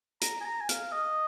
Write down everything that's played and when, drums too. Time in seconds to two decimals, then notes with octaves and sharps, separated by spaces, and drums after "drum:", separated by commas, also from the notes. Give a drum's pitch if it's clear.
0.21 A#5, drum: hi-hat
0.41 G#5
0.45 A#5
0.61 G#5
0.69 F5, drum: hi-hat
0.92 D#5